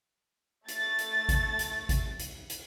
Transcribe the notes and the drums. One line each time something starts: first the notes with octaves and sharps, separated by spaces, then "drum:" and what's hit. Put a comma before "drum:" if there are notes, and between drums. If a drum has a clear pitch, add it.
A3 A6, drum: hi-hat
drum: hi-hat
drum: kick G#1, hi-hat
drum: hi-hat
drum: kick G#1, hi-hat
drum: hi-hat
drum: hi-hat